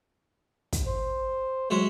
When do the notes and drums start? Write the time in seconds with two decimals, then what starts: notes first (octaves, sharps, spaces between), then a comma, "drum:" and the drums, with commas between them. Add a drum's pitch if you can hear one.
0.73 drum: kick, hi-hat
0.86 C5
1.70 F#3 G#3 F#4 E5